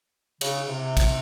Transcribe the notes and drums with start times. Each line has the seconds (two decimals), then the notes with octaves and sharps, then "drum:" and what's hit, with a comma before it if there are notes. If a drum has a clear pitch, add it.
0.41 C#3, drum: cymbal
0.69 C3
0.97 drum: kick, cymbal